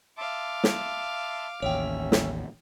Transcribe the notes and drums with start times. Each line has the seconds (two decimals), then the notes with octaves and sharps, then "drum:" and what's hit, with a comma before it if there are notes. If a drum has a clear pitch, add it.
0.18 E5 F5 A5 C6 D6
0.64 drum: snare
1.62 A1 D#2 C#4 C#5 E5 G5
2.12 drum: snare